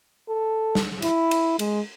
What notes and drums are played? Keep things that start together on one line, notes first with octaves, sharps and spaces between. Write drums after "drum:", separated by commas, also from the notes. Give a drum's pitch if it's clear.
A4
drum: snare
E4, drum: cymbal
drum: cymbal
G#3, drum: cymbal